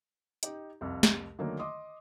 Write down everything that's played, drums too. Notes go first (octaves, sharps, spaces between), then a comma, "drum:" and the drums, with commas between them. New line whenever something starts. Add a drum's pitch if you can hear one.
D#4 G4, drum: hi-hat
C2 F2
drum: snare
D3 D#3 F#3 A3 A#3
D#5 C6 D6 D#6